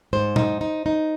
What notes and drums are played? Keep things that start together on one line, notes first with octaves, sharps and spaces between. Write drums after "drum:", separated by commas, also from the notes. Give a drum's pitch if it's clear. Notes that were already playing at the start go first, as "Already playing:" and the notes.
G#2 C5
D#4, drum: tom A#2
D#4
D#4